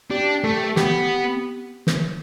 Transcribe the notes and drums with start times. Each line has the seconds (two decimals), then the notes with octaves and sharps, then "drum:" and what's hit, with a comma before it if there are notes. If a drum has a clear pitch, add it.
0.11 D4 G4
0.44 A3 A4
0.54 G4
0.64 A4
0.76 B3 G4, drum: snare
1.87 drum: snare